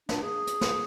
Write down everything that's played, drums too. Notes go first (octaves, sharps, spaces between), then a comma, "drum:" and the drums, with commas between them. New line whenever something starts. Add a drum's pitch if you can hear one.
D4, drum: snare
G#4
drum: hi-hat
drum: snare